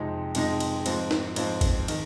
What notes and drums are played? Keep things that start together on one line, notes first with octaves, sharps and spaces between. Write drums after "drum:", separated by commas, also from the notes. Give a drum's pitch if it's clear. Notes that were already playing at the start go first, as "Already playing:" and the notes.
Already playing: F2 C3 G#3 D#4
F2 C3 G#3 D#4, drum: cymbal
drum: cymbal
G#2 F3 C4, drum: cymbal
drum: snare
G#2 F3 C4, drum: cymbal
drum: kick G#1, cymbal
D#3, drum: cymbal